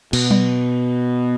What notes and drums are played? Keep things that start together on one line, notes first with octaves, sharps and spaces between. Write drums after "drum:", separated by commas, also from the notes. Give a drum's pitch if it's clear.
B2, drum: cymbal
drum: tom F#3